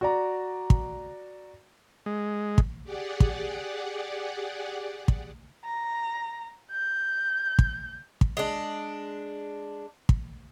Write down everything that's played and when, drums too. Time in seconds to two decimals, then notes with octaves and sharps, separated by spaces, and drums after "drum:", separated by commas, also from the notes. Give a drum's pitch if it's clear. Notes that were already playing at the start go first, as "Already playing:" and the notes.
0.01 F#4 D5 A#5
0.70 drum: kick
2.06 G#3
2.58 drum: kick
2.84 G4 G#4 D5 F#5
3.20 drum: kick
5.08 drum: kick
5.65 A#5
6.72 G6
7.59 drum: kick
8.21 drum: kick
8.37 G#3 D4
10.09 drum: kick